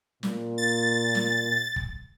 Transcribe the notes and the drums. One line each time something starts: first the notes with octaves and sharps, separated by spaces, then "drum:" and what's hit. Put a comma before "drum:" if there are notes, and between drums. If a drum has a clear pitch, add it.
A#2, drum: snare
A6
drum: snare
drum: kick